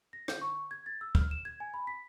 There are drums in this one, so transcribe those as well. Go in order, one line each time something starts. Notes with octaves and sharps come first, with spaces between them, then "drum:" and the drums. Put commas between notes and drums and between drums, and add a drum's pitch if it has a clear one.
A#6
G6, drum: rim click
C#6
G#6
A6
E6
F6, drum: kick
E7
G#6
G#5
B5
B6